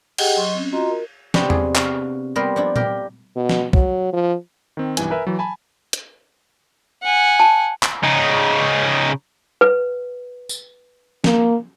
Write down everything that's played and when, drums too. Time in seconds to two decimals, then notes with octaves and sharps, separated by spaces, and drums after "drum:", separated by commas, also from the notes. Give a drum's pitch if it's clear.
0.18 G4 G#4 D#5 F#5 G5, drum: cymbal
0.37 F#3 D#5 C6 C#6
0.54 C4 C#4
0.73 F4 F#4 D#5 A#5 C6
0.89 A#4
1.34 C3 F3 B3 D4 F#4 G4, drum: snare
1.50 G#4, drum: tom E2
1.75 F#4 F5, drum: clap
2.36 G3 A#3 B3 A#4 C5
2.56 F3 D4 E4
2.76 G4 A#4, drum: tom
3.36 B2
3.49 drum: snare
3.73 F#3, drum: kick
4.13 F3
4.77 D#3 C4
4.97 B1 G2 E3 G#5, drum: hi-hat
5.11 A#4 B4 E5 G#5
5.27 E3 F#3
5.39 G#5 A5 B5
5.93 drum: hi-hat
7.03 F#5 G#5
7.40 A5
7.83 drum: clap
8.03 C#3 D#4
9.61 B4
10.49 drum: tambourine
11.24 A#3, drum: snare